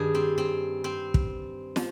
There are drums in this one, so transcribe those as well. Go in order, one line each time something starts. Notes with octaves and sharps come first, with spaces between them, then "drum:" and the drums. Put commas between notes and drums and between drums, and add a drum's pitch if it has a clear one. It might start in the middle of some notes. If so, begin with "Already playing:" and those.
Already playing: G2 D#3 G#4
C4
C4
C4
drum: kick
F3, drum: snare